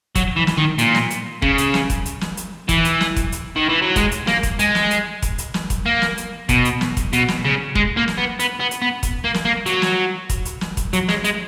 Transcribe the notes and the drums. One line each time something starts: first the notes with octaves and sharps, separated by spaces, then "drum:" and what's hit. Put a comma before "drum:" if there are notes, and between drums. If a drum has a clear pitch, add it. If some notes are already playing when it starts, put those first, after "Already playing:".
F#3, drum: kick E1, hi-hat
E3
drum: snare
D#3
A#2, drum: hi-hat
drum: snare
drum: hi-hat
C#3, drum: kick E1
drum: hi-hat
drum: snare
drum: kick E1, hi-hat
drum: hi-hat
drum: snare
drum: hi-hat
E3, drum: kick E1, hi-hat
drum: hi-hat
drum: snare
drum: kick E1, hi-hat
drum: hi-hat
D#3
E3
F#3
G#3, drum: kick E1, hi-hat
drum: hi-hat
A#3, drum: snare
drum: kick E1, hi-hat
G#3, drum: hi-hat
drum: snare
drum: hi-hat
drum: kick E1, hi-hat
drum: hi-hat
drum: snare
drum: kick E1, hi-hat
A#3
drum: snare
drum: hi-hat
B2, drum: kick E1, hi-hat
drum: hi-hat
drum: snare
drum: kick E1, hi-hat
B2, drum: hi-hat
drum: snare
C#3
G#3, drum: kick E1
A#3
drum: snare
B3
B3, drum: hi-hat
B3
drum: hi-hat
B3
drum: kick E1, hi-hat
A#3
drum: snare
A#3
F#3, drum: hi-hat
drum: snare
drum: kick E1, hi-hat
drum: hi-hat
drum: snare
drum: kick E1, hi-hat
F#3, drum: hi-hat
G#3, drum: snare
G#3, drum: hi-hat